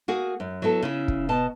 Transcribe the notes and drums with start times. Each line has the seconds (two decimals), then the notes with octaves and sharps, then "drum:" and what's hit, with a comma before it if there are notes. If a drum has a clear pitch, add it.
0.08 A#3 F#4 G#4
0.40 F#2
0.62 F#3 B3 E4 A4
0.82 C#3 C#4 E4
1.08 drum: kick
1.29 B2 D#5 A5